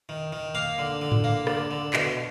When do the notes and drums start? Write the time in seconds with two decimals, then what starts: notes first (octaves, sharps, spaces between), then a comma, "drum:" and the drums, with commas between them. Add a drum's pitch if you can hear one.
0.09 D#3
0.33 D#3
0.55 A#3 F5
0.78 D3
1.02 D3
1.12 drum: tom G#2
1.24 A#3
1.47 D3, drum: rim click
1.71 D3
1.93 B2, drum: clap